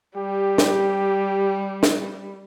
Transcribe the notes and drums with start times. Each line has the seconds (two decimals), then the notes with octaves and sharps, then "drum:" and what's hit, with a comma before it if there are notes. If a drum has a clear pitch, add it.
0.17 G3 G4
0.58 drum: snare
1.83 drum: snare